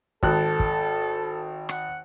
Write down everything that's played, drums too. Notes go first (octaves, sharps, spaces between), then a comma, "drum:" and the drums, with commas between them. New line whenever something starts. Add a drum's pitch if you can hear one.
G#1 A4 F#6, drum: kick
drum: kick
F#5, drum: rim click